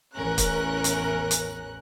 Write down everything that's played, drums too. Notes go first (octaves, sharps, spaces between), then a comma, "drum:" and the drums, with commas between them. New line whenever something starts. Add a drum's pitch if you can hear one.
A1 E2 C#4 A#4 F#6
drum: kick, hi-hat
drum: hi-hat
drum: hi-hat